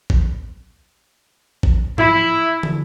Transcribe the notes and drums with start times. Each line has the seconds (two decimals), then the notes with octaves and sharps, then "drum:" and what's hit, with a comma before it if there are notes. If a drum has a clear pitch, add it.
0.10 drum: kick A#1
1.63 drum: kick A#1
1.98 E4, drum: tom G#2
2.63 drum: tom